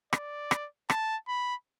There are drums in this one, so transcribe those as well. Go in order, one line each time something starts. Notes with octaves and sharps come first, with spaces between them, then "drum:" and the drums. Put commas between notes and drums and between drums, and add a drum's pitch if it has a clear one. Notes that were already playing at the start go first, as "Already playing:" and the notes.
D5, drum: rim click
drum: rim click
A5, drum: rim click
B5